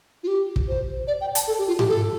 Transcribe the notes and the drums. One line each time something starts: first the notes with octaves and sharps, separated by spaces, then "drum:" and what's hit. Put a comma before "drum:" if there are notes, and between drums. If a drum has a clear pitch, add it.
F4
G4
drum: kick
C5
D5
G5
A5, drum: hi-hat
A4
G4
F4
G4, drum: tom G#2
A4